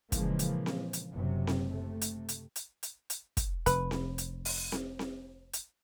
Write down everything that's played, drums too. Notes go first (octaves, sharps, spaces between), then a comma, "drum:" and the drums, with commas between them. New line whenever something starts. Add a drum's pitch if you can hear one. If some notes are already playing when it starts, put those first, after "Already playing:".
A#2 C#3 E3 F3 G#3 A#3, drum: kick, hi-hat
drum: hi-hat
drum: snare C4
drum: hi-hat
F#1 C3 F#3
drum: snare C4
C3 A3
drum: hi-hat
drum: hi-hat
drum: hi-hat
drum: hi-hat
drum: hi-hat
drum: kick, hi-hat
F1 B4, drum: hi-hat
drum: snare C4
drum: hi-hat
drum: open hi-hat
drum: snare C4
drum: snare C4
drum: hi-hat